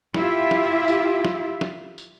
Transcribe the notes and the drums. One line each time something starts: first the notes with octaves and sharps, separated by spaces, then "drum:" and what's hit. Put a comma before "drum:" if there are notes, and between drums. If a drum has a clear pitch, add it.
E4 F4 G4 E5, drum: snare
drum: snare
drum: tambourine
drum: snare
drum: snare
drum: tambourine